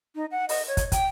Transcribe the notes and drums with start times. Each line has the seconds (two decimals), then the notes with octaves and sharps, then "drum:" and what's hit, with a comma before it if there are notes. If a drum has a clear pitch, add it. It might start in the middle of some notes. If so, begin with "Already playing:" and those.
0.15 D#4
0.32 F#5
0.49 D#5, drum: open hi-hat
0.68 C#5
0.77 drum: kick, hi-hat
0.92 G5, drum: kick, hi-hat